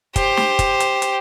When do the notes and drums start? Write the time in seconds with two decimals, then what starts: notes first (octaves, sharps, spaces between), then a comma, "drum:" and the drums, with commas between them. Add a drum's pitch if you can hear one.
0.16 G4 C5, drum: kick, hi-hat
0.37 drum: snare
0.59 drum: kick, hi-hat
0.80 drum: hi-hat
1.02 drum: hi-hat